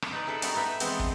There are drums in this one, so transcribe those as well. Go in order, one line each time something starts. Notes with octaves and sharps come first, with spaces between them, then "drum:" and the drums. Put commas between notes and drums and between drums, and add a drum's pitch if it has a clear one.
drum: rim click
D#4 B4 D5
E4 G#4 A4 B4 E5
G3 B3 D#4 E4 A#4 C#5, drum: hi-hat
G4 A4 B4 E5
E3 G#3 B3 C4 D4, drum: hi-hat
drum: kick